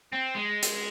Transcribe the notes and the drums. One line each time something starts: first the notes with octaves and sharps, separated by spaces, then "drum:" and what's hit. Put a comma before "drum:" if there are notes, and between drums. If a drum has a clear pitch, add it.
C4
G#3
drum: hi-hat